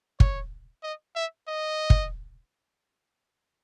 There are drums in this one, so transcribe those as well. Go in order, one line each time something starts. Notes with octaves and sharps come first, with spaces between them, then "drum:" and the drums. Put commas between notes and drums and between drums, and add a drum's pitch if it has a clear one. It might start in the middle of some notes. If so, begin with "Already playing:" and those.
C#5, drum: kick
D#5
E5
D#5
drum: kick